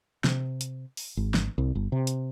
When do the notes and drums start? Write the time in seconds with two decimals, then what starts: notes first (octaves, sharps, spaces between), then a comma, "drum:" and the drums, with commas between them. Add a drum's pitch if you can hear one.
0.24 C3, drum: snare
0.61 drum: hi-hat
0.97 drum: open hi-hat
1.17 G#1
1.34 drum: snare
1.58 C2
1.75 G1
1.92 C3
2.07 drum: hi-hat